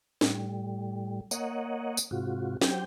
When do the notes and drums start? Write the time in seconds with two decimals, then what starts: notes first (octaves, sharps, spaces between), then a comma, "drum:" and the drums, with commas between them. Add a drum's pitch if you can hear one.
0.21 A2 G3, drum: snare
1.31 A#3 C#5 D#5 F#5, drum: tambourine
1.97 drum: tambourine
2.11 G#2 C3 F4 F#4
2.61 F#3 G4 C5 G5, drum: snare